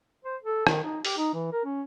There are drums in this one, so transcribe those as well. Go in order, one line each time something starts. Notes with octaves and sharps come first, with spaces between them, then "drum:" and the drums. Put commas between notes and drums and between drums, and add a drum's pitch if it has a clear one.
C5
A4
D#3, drum: rim click
D#4
G4, drum: open hi-hat
D#4
E3
A#4
C#4